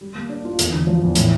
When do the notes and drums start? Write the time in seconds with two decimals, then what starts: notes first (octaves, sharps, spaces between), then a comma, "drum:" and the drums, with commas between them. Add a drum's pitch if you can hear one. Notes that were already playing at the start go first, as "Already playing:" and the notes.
0.01 G3
0.15 A#3
0.29 D4
0.45 F4
0.59 E2, drum: hi-hat
0.73 D3
0.87 F3
1.02 E2
1.15 A2, drum: hi-hat